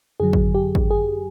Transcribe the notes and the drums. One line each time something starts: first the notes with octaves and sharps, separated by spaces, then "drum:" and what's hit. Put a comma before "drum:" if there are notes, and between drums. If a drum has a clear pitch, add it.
F#2 D3 F#3 G#4
drum: kick
G4
drum: kick
G#4